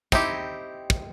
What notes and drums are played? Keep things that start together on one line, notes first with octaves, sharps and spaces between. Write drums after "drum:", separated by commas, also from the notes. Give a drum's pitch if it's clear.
C4 D#4 E4 G4, drum: kick, tambourine
drum: kick